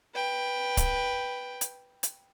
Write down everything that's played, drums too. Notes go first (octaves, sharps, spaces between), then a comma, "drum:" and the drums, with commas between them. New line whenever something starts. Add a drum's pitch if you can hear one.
B4 G5
drum: kick C#1, hi-hat
drum: hi-hat
drum: hi-hat